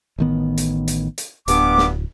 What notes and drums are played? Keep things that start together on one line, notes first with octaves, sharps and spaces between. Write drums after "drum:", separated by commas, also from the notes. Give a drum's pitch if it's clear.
A1 D#3 B3
drum: hi-hat
drum: hi-hat
drum: hi-hat
D1 G2 B3 D6, drum: hi-hat
drum: snare